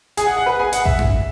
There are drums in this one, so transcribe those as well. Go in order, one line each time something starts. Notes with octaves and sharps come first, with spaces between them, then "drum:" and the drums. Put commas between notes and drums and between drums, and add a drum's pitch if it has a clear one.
G#4 G#5, drum: hi-hat
F#5
F#5
B4 B5
G#4 G#5
F#5, drum: hi-hat
E5, drum: kick G#1
drum: tom F#2